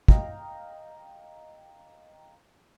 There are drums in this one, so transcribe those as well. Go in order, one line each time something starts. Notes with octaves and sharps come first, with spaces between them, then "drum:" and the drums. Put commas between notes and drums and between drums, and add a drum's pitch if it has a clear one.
D#5 F5 G5 A#5, drum: kick